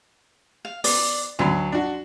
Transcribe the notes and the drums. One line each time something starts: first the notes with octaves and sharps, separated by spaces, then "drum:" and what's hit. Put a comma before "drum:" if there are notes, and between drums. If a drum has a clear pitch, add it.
F5
B3 D5, drum: open hi-hat
D2 F#3 B5 C6
D4 F#4